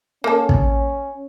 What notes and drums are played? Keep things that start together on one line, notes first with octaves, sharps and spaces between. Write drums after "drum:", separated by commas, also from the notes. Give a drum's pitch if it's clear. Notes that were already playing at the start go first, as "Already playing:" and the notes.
A#3 C#4 A4
drum: kick